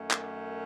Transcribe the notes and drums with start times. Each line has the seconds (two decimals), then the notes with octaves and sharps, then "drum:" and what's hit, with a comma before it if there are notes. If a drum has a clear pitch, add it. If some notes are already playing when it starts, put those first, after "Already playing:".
Already playing: F#2 D#3 A3 C#4
0.11 drum: clap